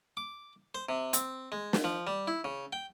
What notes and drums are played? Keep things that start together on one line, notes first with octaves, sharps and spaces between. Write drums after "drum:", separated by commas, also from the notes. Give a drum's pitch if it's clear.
D6
C5
C3
C4, drum: hi-hat
G#3
drum: snare
F3
G3
E4
C#3
G5